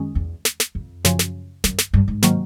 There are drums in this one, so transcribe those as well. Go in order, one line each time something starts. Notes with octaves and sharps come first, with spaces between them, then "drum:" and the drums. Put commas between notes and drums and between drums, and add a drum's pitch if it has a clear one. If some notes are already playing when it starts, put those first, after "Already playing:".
Already playing: F#2 D#3 G#3 C#4
E2
drum: snare
drum: snare
F2
F#2 C#3 F3, drum: snare
drum: snare
F#2, drum: snare
drum: snare
G2
G#2
C3 D#3 F#3 A#3, drum: snare